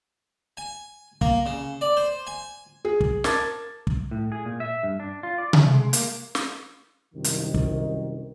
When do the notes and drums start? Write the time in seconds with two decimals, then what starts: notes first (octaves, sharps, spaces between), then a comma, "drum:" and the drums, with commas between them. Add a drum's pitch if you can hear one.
0.57 G#5
1.21 A#3, drum: kick
1.46 C#3
1.81 D5
1.97 C5
2.27 G#5
2.85 G#4
3.01 drum: kick
3.24 A#4 A5 D6 G#6 A6, drum: snare
3.87 drum: kick
4.11 A2
4.32 G#4
4.45 A#2
4.60 E5
4.83 G2
5.00 D4
5.23 F4
5.38 D5
5.53 A3, drum: tom C3
5.73 G#3
5.93 A#3, drum: hi-hat
6.35 drum: snare
7.15 C2 F#2 D#3
7.24 drum: hi-hat
7.54 drum: kick